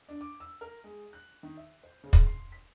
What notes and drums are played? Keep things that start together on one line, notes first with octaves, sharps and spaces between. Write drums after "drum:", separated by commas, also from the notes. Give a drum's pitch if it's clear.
D4
D6
E6
A#4
G#3
F#6
D#3
E5
C5
C#3
drum: kick
C6
B6